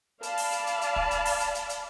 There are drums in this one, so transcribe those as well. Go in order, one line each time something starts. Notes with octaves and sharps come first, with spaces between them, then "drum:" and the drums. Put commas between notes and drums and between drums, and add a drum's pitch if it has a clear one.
D5 F5 A5 B5, drum: hi-hat
drum: open hi-hat
drum: hi-hat
drum: hi-hat
drum: hi-hat
drum: kick
drum: hi-hat
drum: open hi-hat
drum: hi-hat
drum: hi-hat
drum: hi-hat